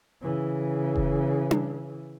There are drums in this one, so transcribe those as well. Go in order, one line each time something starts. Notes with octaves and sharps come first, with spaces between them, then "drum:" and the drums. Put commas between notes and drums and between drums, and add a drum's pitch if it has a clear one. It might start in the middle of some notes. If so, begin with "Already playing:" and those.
C#3 E3
drum: kick F1
drum: tom D4